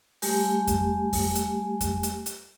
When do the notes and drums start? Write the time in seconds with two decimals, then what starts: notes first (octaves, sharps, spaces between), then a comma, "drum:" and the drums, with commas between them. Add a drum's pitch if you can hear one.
0.22 G3 A3 G4 G#5, drum: open hi-hat
0.67 drum: kick F2, hi-hat
1.13 drum: kick F2, open hi-hat
1.35 drum: hi-hat
1.81 drum: kick F2, hi-hat
2.03 drum: hi-hat
2.26 drum: hi-hat